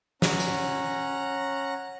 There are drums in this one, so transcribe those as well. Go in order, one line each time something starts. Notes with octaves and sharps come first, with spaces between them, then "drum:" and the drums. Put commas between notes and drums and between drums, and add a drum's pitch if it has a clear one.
C#4 F#5 A#5, drum: snare
drum: tambourine